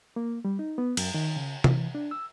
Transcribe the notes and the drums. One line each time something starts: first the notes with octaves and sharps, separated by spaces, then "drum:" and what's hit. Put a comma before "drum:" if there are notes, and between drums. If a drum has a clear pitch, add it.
A#3
G3
D#4
B3
F#2, drum: cymbal
D#3
C#3
E3, drum: tom C3
D4
E6